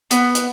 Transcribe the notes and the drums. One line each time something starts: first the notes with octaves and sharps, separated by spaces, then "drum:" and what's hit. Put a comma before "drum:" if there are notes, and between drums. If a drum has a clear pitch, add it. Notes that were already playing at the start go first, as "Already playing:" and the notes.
B3, drum: hi-hat
drum: hi-hat